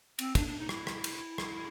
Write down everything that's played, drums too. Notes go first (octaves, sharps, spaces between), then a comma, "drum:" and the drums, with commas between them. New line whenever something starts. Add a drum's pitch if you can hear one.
C4, drum: cymbal
D4, drum: kick, cymbal
D4
D#4
E4, drum: rim click
drum: rim click
drum: cymbal
drum: rim click